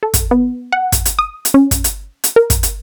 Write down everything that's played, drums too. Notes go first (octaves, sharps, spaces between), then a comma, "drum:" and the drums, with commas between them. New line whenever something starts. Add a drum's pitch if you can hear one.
A4
drum: kick, hi-hat
B3
F#5
drum: kick, hi-hat
drum: hi-hat
D#6
drum: hi-hat
C#4
drum: kick, hi-hat
drum: hi-hat
drum: hi-hat
A#4
drum: kick, hi-hat
drum: hi-hat